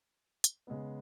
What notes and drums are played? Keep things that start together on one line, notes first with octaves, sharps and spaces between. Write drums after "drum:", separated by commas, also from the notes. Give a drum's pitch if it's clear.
drum: hi-hat
C#3 G#3 B3